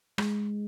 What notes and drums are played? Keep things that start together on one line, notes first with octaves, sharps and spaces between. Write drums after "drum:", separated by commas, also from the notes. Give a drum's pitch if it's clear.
G#3, drum: rim click